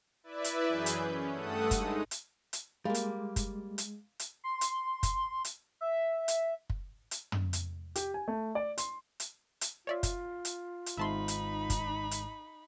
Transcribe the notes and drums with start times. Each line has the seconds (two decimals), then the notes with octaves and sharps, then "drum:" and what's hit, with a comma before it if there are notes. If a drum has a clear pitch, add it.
0.24 E4 B4 D5 E5
0.44 drum: hi-hat
0.68 F#2 E3 G#4 B4 G6
0.86 drum: hi-hat
1.04 C#4
1.33 G2 A3 A4 F#5 D#6
1.71 G#3 D#4, drum: kick, hi-hat
2.11 drum: hi-hat
2.53 drum: hi-hat
2.85 G3 G#3 A#3 F5
2.94 drum: hi-hat
3.36 drum: kick, hi-hat
3.78 drum: hi-hat
4.19 drum: hi-hat
4.44 C6
4.61 drum: hi-hat
5.03 drum: kick, hi-hat
5.45 drum: hi-hat
5.81 E5
6.28 drum: hi-hat
6.70 drum: kick
7.11 drum: hi-hat
7.32 drum: tom
7.53 drum: hi-hat
7.96 G4, drum: hi-hat
8.14 G#5
8.28 A3
8.55 D5
8.78 C6, drum: hi-hat
9.20 drum: hi-hat
9.61 drum: hi-hat
9.87 F4 C#5 D5 E5
10.03 drum: kick, hi-hat
10.45 drum: hi-hat
10.86 drum: hi-hat
10.97 G#1 G#2 D#4 E5 A5 B5 C6
11.28 drum: hi-hat
11.70 drum: kick, hi-hat
12.11 drum: hi-hat